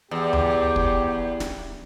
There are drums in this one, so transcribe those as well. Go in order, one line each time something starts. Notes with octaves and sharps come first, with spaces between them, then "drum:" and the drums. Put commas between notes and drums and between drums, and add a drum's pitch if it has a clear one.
E2 B3 G4
drum: tom D2
drum: kick
drum: snare